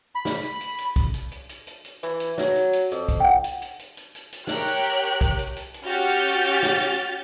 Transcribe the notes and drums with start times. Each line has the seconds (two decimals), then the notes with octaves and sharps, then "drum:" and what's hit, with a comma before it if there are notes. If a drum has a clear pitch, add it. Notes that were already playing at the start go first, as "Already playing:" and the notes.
0.15 B5
0.25 drum: snare
0.43 drum: hi-hat
0.61 drum: hi-hat
0.78 drum: hi-hat
0.96 drum: kick, hi-hat
1.14 drum: hi-hat
1.31 drum: hi-hat
1.49 drum: hi-hat
1.67 drum: hi-hat
1.85 drum: hi-hat
2.03 E3, drum: hi-hat
2.20 drum: hi-hat
2.38 F#3, drum: snare
2.55 drum: hi-hat
2.73 drum: hi-hat
2.91 F2, drum: hi-hat
3.09 drum: kick, hi-hat
3.20 F#5 G5
3.44 drum: hi-hat
3.62 drum: hi-hat
3.79 drum: hi-hat
3.97 drum: hi-hat
4.15 drum: hi-hat
4.33 drum: hi-hat
4.47 G4 A#4 C#5 G5 F#6, drum: snare
4.68 drum: hi-hat
4.86 drum: hi-hat
5.03 drum: hi-hat
5.21 drum: kick, hi-hat
5.39 drum: hi-hat
5.56 drum: hi-hat
5.74 drum: hi-hat
5.85 C#4 F#4 G4 F6 G6 A6
6.10 drum: hi-hat
6.27 drum: hi-hat
6.45 drum: hi-hat
6.63 drum: snare
6.80 drum: hi-hat
6.98 drum: hi-hat